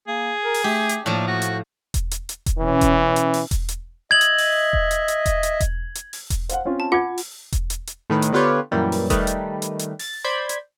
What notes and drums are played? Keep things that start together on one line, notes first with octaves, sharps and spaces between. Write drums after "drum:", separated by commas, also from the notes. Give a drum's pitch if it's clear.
A#3 G#4
A#4
drum: open hi-hat
A3 G4
drum: hi-hat
A2 F3 A#3 D4
F#4
drum: hi-hat
drum: kick E1, hi-hat
drum: hi-hat
drum: hi-hat
drum: kick E1, hi-hat
B2 E3 C#4
drum: kick E1, hi-hat
drum: hi-hat
drum: open hi-hat
drum: kick E1, hi-hat
drum: hi-hat
D#5 E5 G#6 F#7
drum: hi-hat
drum: open hi-hat
drum: kick E1
drum: hi-hat
drum: hi-hat
drum: kick E1, hi-hat
drum: hi-hat
drum: kick E1, hi-hat
drum: hi-hat
drum: open hi-hat
drum: kick E1, hi-hat
C5 F5 F#5, drum: hi-hat
C4 C#4 F4
A5
F4 F#5 D6 G#6
drum: open hi-hat
drum: kick E1, hi-hat
drum: hi-hat
drum: hi-hat
A2 D#3 B4
drum: hi-hat
D3 B3 F4 G4 B4 C#5
F#2 A#2 E3 F#3 G3
drum: open hi-hat
D#3 G3 A3 D#4 B4, drum: kick E1, hi-hat
drum: hi-hat
drum: hi-hat
drum: hi-hat
A6, drum: open hi-hat
C5 D5 B5 G6 G#6
drum: hi-hat